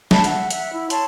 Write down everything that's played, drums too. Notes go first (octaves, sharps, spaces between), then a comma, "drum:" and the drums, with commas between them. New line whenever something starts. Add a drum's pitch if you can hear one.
F5 A5 B5, drum: snare
E5 F#5, drum: hi-hat
E5 F#5, drum: hi-hat
E4
C#5 A5 C6, drum: hi-hat